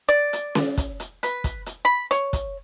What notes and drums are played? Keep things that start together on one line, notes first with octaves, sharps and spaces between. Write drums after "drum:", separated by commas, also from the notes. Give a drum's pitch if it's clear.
D5
drum: hi-hat
drum: snare C#4
drum: kick, hi-hat
drum: hi-hat
B4, drum: hi-hat
drum: kick, hi-hat
drum: hi-hat
B5
C#5, drum: hi-hat
drum: kick, hi-hat